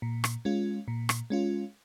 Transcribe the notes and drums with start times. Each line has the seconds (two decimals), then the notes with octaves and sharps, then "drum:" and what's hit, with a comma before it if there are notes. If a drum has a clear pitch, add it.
0.02 A#2
0.24 drum: rim click
0.45 G#3 C#4 F4
0.88 A#2
1.09 drum: rim click
1.30 G#3 C#4 F4